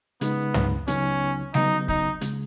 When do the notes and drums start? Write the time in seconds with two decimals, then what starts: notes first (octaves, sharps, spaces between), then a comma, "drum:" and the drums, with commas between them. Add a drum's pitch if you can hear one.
0.21 C#3 G#3 B3 D#4, drum: hi-hat
0.54 drum: tom
0.88 C#2 C#3 F#3 B3 C#4 D#4, drum: hi-hat
1.54 C#3 F#3 B3 D#4, drum: snare G3
1.88 D#4, drum: kick
2.21 C#3 G#3, drum: hi-hat